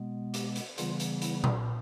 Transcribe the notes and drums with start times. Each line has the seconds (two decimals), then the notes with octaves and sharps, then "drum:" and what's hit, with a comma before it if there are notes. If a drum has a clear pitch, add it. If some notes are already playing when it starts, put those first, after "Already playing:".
Already playing: B2 G#3 B3
0.34 G4, drum: hi-hat
0.56 drum: hi-hat
0.78 C#3 E3 G3 B3 F4, drum: hi-hat
1.00 drum: hi-hat
1.22 E4, drum: hi-hat
1.44 drum: tom A#2